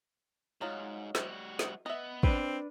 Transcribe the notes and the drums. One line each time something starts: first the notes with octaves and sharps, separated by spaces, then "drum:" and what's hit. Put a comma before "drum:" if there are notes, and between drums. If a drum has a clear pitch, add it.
G#2 F#3 D#4 F4
G3 F#4, drum: snare
drum: snare
B3 D#5 E5
C4 D4 B4, drum: kick